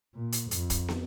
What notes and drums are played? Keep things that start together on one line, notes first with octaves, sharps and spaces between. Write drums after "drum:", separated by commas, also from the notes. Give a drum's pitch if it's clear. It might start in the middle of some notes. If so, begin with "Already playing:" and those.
A#2
drum: hi-hat
F2, drum: hi-hat
drum: kick, hi-hat
drum: snare